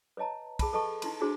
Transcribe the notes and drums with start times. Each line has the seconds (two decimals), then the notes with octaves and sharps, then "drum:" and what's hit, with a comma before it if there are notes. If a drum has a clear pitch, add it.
0.17 B4 C#5 D#5 A5 A#5
0.59 G#4 A5 B5, drum: kick, cymbal
0.73 A4 B4 D#5 A5 C#6
1.02 D#4 E4 C6, drum: cymbal
1.21 D4 E4 F#4 G#4 C5 C6